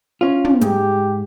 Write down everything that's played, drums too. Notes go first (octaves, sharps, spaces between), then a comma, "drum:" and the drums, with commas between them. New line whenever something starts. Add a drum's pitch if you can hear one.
C#4 F4
drum: tom
G#2 G4, drum: hi-hat